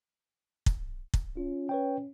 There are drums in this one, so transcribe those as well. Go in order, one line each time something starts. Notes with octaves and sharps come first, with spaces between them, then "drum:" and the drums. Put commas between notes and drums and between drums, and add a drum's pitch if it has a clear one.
drum: kick
drum: kick
C#4 F4
B4 C#5 G5